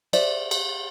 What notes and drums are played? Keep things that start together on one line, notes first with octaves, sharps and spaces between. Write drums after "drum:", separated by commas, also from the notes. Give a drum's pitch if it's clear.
C5 D5 E5, drum: cymbal
drum: cymbal